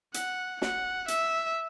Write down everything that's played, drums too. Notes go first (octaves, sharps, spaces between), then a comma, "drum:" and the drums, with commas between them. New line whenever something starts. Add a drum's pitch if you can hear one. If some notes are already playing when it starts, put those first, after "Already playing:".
F#5, drum: hi-hat
F#5, drum: snare
E5, drum: hi-hat